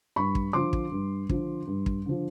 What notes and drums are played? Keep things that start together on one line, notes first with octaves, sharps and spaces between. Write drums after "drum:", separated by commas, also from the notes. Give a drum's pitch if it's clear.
G2 B5 C#6
drum: kick
D3 F3 C6 D6
drum: kick
G2
D3 F3, drum: kick
G2
drum: kick
D3 F3